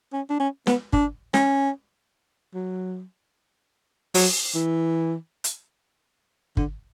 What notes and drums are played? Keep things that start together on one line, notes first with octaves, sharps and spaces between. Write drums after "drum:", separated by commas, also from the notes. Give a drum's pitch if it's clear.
C#4
D4
C#4
B3, drum: snare
D4, drum: kick
C#4, drum: snare
F#3
F#3, drum: open hi-hat
E3
drum: hi-hat
D3, drum: kick